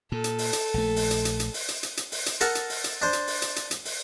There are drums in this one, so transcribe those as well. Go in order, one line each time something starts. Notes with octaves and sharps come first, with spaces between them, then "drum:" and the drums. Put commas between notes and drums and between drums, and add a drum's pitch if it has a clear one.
A#2 A4
drum: hi-hat
drum: open hi-hat
drum: hi-hat
A#1 A3
drum: open hi-hat
drum: hi-hat
drum: hi-hat
drum: hi-hat
drum: open hi-hat
drum: hi-hat
drum: hi-hat
drum: hi-hat
drum: open hi-hat
drum: hi-hat
A4 A#4 F#5 A5, drum: hi-hat
drum: hi-hat
drum: open hi-hat
drum: hi-hat
D4 C5
drum: hi-hat
drum: open hi-hat
drum: hi-hat
drum: hi-hat
drum: hi-hat
drum: open hi-hat